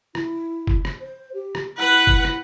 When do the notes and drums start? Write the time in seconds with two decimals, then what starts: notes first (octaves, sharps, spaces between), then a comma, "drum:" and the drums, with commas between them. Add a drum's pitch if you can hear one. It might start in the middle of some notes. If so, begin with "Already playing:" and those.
0.15 E4, drum: rim click
0.67 drum: kick
0.85 drum: rim click
1.01 C5
1.34 G4
1.55 drum: rim click
1.78 E4 B4 F#5
2.07 drum: kick
2.25 drum: rim click